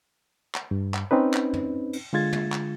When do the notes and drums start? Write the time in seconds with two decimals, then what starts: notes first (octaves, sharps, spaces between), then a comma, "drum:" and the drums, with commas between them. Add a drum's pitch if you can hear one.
0.55 drum: clap
0.71 G2
0.94 drum: clap
1.11 C4 C#4 D#4 B4
1.34 drum: clap
1.53 drum: tom
1.93 drum: cymbal
2.13 D3 G#3 F4 G#6 A6
2.33 drum: tom
2.52 drum: clap